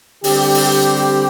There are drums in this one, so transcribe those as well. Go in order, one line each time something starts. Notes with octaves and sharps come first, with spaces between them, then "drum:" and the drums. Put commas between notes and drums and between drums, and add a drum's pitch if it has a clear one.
D3 G3 C4 G4, drum: open hi-hat
drum: open hi-hat